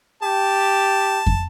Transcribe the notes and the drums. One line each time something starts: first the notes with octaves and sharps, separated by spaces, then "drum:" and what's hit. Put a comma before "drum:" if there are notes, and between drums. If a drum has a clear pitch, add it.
G4 A5
drum: kick